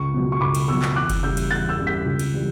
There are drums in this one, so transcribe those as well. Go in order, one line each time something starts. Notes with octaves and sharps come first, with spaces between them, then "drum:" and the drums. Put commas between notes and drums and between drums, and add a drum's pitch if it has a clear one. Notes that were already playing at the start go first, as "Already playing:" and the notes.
Already playing: C#2 C#6
B2 F#3
C#6
C#2 B5 D6
drum: cymbal
B2 F#3 C#6 E6
drum: clap
E2 D6 F#6
drum: kick F#1, cymbal
C#3 G3 E6 G6
drum: cymbal
E2 F#6 A6
E6 G6
C#3 G3
G6 B6
C#2
drum: cymbal
C#3 E3 G3